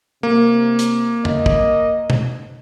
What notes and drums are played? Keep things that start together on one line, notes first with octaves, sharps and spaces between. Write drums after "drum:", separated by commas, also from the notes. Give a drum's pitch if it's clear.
C3 A#3
drum: hi-hat
D#5, drum: tom F2
drum: kick
drum: tom